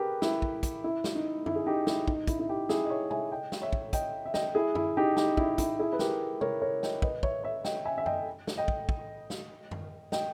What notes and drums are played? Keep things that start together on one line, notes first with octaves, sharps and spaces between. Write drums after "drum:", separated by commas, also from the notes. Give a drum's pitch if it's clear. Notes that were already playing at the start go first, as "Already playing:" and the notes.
Already playing: G4 G#4 A#4 B4
E4, drum: snare
drum: kick
drum: kick, hi-hat
E4
drum: snare
D#4
E4, drum: tom F#2
G#4
D#4 G4
E4, drum: snare
D#4, drum: kick
E4, drum: kick, hi-hat
E4
D#4 G4
E4 G#4, drum: snare
D#5
C#5 E5
E5 G#5, drum: tom C3
D#5 G5
drum: snare
C#5 E5
drum: kick
D#5 G5, drum: kick, hi-hat
E5
D#5 G5, drum: snare
E4 G#4
E4, drum: tom F#2
D#4 G4
D#4 G4, drum: snare
E4, drum: kick
E4, drum: kick, hi-hat
E4 G#4
B4
G4 A#4, drum: snare
A#4 C#5, drum: tom C3
A#4 C#5
D#5 G5, drum: snare
B4 D#5, drum: kick
C#5 E5, drum: kick
C#5 E5
D#5 G5, drum: snare
E5 G#5
E5
D#5 G5, drum: tom F#2
drum: snare
D#5 G5
drum: kick
drum: kick
drum: snare
drum: tom F#2
D#5 G5, drum: snare